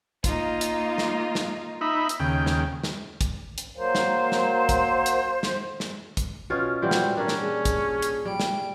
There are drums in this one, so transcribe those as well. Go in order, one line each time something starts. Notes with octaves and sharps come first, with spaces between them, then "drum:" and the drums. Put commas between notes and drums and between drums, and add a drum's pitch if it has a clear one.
A#3 D#4 F4, drum: kick, hi-hat
drum: hi-hat
drum: snare
drum: snare
D#4 E5 B5
drum: hi-hat
D#2 C#3 G5
drum: snare
drum: snare
drum: kick, hi-hat
drum: hi-hat
F#3 A#3 C5
drum: snare
drum: snare
drum: kick, hi-hat
drum: hi-hat
drum: snare
drum: snare
drum: kick, hi-hat
B2 C#4 F4
A#2 E3 G3 F#4 C5
drum: snare
C#4 D4 A#4
drum: snare
G#4
drum: kick, hi-hat
drum: hi-hat
G3 D7
drum: snare